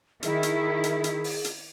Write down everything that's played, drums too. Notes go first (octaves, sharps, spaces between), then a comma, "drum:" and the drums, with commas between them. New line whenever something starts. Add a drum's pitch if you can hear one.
D#3 E4 G#4, drum: hi-hat
drum: hi-hat
drum: hi-hat
drum: hi-hat
drum: open hi-hat
drum: hi-hat